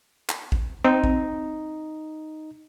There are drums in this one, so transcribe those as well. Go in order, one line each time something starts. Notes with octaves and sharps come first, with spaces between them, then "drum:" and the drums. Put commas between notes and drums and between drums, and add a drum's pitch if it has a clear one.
drum: clap
drum: kick
C4 D#4
drum: kick